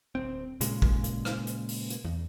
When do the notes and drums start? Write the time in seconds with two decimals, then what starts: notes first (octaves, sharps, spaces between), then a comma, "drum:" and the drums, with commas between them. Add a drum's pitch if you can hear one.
0.15 D1 C4
0.61 A#2 C#3 G#3, drum: hi-hat
0.82 drum: kick
1.04 drum: hi-hat
1.25 drum: rim click
1.47 drum: hi-hat
1.68 drum: open hi-hat
1.90 drum: hi-hat
2.04 E2